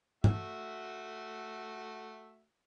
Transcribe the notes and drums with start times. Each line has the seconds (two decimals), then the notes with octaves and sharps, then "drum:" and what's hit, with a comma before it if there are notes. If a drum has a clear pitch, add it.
0.24 A3 F#4 E5, drum: tom G2